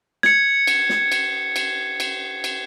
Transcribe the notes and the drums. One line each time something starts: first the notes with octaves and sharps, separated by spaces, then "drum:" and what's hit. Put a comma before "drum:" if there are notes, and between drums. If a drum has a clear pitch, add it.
G#6 C#7, drum: snare
drum: cymbal
drum: snare
drum: cymbal
drum: cymbal
drum: cymbal
drum: cymbal